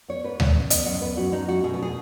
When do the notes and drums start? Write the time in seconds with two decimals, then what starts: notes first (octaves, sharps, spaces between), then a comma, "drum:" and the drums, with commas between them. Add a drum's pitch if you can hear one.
0.08 B3 C#5
0.24 G#2 B4
0.40 B3 C#5, drum: tom D2
0.55 C#3
0.70 B3 D#5, drum: hi-hat
0.86 F#2 F#5
1.01 B3 B4
1.17 F#2 F#4
1.32 G#3 D#4
1.47 F#2 F#4
1.64 B2 G#4
1.74 B4
1.79 B2 G#4